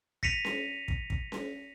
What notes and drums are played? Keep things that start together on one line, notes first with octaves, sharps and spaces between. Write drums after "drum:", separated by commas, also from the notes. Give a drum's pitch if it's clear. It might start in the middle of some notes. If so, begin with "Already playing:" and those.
A#6 B6 C#7 D#7 F7, drum: kick
drum: snare C#4
drum: kick
drum: kick
drum: snare C#4